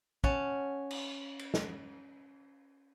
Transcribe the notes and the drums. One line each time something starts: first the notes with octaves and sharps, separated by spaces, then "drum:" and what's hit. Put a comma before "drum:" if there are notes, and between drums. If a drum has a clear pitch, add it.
C#4 F#5 A5, drum: kick
drum: cymbal
drum: cymbal
drum: snare